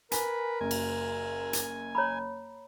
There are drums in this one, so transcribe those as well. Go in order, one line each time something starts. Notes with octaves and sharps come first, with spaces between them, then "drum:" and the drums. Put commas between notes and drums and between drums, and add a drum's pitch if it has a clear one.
A#4 B4 G#5, drum: hi-hat
F#1 G#5
drum: cymbal
drum: hi-hat
C#5 A#5 B5